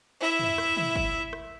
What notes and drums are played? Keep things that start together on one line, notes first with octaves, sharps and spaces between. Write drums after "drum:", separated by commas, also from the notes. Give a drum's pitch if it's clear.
E4 E5
drum: tom
drum: rim click
drum: tom
drum: kick
drum: rim click